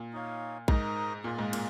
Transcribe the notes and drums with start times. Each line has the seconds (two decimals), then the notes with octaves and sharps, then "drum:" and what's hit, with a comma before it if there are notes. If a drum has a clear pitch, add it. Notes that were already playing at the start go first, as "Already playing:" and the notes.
Already playing: A#2
0.13 D#4 C#5 F5
0.68 G#2 D#4 A#4 D#5, drum: kick A#1
1.24 A#2 G#3 F4 G#4
1.39 G#2
1.53 A#2, drum: cymbal